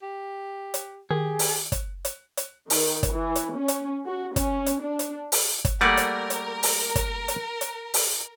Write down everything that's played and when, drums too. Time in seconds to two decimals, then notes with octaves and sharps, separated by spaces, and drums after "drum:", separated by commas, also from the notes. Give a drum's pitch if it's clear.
0.02 G4
0.74 drum: hi-hat
1.11 D#3 G4 G#4
1.39 drum: open hi-hat
1.72 drum: kick, hi-hat
2.05 drum: hi-hat
2.37 drum: hi-hat
2.70 D#3, drum: open hi-hat
3.03 drum: kick, hi-hat
3.14 E3
3.35 drum: hi-hat
3.57 C#4
3.68 drum: hi-hat
4.06 F#4
4.36 C#4, drum: kick, hi-hat
4.66 drum: hi-hat
4.82 D4
4.99 drum: hi-hat
5.32 drum: open hi-hat
5.65 drum: kick, hi-hat
5.81 G3 A3 A#3 G#4 A#4 D5 F#5
5.97 drum: hi-hat
6.30 drum: hi-hat
6.63 drum: open hi-hat
6.95 drum: kick, hi-hat
7.28 drum: hi-hat
7.61 drum: hi-hat
7.94 drum: open hi-hat